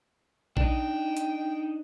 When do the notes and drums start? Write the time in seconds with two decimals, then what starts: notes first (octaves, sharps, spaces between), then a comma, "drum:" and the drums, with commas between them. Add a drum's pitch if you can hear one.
0.57 D4 D#4 G5, drum: kick A#1
1.17 drum: hi-hat